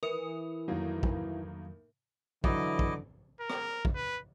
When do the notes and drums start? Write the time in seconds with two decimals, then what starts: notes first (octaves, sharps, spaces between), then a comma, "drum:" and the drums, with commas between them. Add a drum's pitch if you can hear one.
0.03 E3 A#4 D#6 C#7
0.68 F2 A2 D#3 F#3 A#3 D#4
1.03 drum: kick
2.44 D3 E3 F#3 E4 D#5 D6, drum: kick
2.79 drum: kick
3.40 A#4
3.50 drum: rim click
3.85 drum: kick
3.95 B4